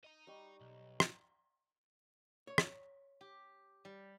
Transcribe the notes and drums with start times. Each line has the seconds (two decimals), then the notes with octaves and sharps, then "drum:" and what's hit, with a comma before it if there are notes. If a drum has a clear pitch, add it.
0.04 D#5 A#5
0.27 G3 D#4 C#6
0.61 B1
1.00 drum: rim click
2.47 C#5
2.58 drum: rim click
3.21 G4
3.85 G3